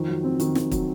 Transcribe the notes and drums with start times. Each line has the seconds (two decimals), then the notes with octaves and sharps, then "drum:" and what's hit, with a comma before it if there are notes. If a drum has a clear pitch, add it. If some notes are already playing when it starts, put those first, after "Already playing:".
Already playing: F2 D#3
0.08 F#3
0.24 C4
0.40 D#3, drum: hi-hat
0.55 D#3, drum: snare
0.71 F#3, drum: kick, hi-hat